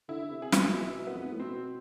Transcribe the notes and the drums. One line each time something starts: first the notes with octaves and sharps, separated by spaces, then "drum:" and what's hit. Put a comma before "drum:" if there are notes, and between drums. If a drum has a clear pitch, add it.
D3 E4
C3
G#4
B2, drum: snare
B2 E4
B3
F2
G#2
A2
B2 C4